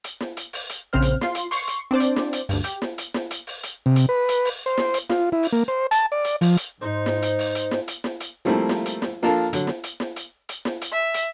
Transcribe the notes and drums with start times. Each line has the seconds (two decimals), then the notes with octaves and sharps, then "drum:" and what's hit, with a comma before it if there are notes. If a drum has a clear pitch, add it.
0.04 drum: hi-hat
0.20 drum: snare
0.37 drum: hi-hat
0.53 drum: open hi-hat
0.69 drum: hi-hat
0.93 A#1 C#3 C4 C5 F6
1.02 drum: hi-hat
1.21 F4 C6, drum: snare
1.35 drum: hi-hat
1.51 C6 C#6, drum: open hi-hat
1.67 drum: hi-hat
1.91 C4 D4 C5 D5
2.00 drum: hi-hat
2.16 drum: snare
2.33 drum: hi-hat
2.49 D2 G2, drum: open hi-hat
2.64 G4, drum: hi-hat
2.82 drum: snare
2.98 drum: hi-hat
3.14 drum: snare
3.31 drum: hi-hat
3.47 drum: open hi-hat
3.63 drum: hi-hat
3.86 C3
3.96 drum: hi-hat
4.09 B4
4.29 drum: hi-hat
4.45 drum: open hi-hat
4.66 C5
4.78 drum: snare
4.94 drum: hi-hat
5.10 F4, drum: snare
5.32 E4
5.43 drum: open hi-hat
5.52 A#3
5.68 C5
5.91 A5, drum: hi-hat
6.12 D5
6.24 drum: hi-hat
6.41 F3, drum: open hi-hat
6.57 drum: hi-hat
6.81 G#2 D#4 C5
7.06 drum: snare
7.22 drum: hi-hat
7.39 drum: open hi-hat
7.55 drum: hi-hat
7.71 drum: snare
7.88 drum: hi-hat
8.04 drum: snare
8.20 drum: hi-hat
8.45 F3 G3 A3 A#3 C4 E4
8.69 drum: snare
8.86 drum: hi-hat
9.02 drum: snare
9.22 F3 A#3 D4 F4 A4 A#4
9.53 D3 F#3, drum: hi-hat
9.67 drum: snare
9.84 drum: hi-hat
10.00 drum: snare
10.16 drum: hi-hat
10.49 drum: hi-hat
10.65 drum: snare
10.81 drum: hi-hat
10.93 E5
11.14 drum: hi-hat